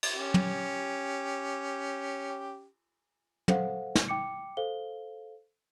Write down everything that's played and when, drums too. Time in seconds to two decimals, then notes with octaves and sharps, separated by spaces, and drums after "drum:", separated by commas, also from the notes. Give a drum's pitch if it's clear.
0.03 drum: cymbal
0.14 C#4 G4
0.34 drum: tom
3.48 A4 C5 F5 F#5, drum: tom
3.95 drum: snare
4.08 G5 D6 C#7
4.57 A4 C5 F5 G7